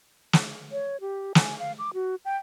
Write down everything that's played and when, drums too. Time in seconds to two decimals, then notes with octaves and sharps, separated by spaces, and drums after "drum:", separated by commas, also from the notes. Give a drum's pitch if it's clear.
0.33 drum: snare
0.72 C#5
1.01 G4
1.35 G#5, drum: snare
1.59 F5
1.79 D6
1.94 F#4
2.25 G5